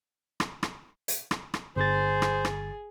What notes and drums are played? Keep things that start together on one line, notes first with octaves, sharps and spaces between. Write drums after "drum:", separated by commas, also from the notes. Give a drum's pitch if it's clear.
drum: rim click
drum: rim click
drum: hi-hat
drum: rim click
drum: rim click
G1 G#4 C5 A6
drum: rim click
drum: rim click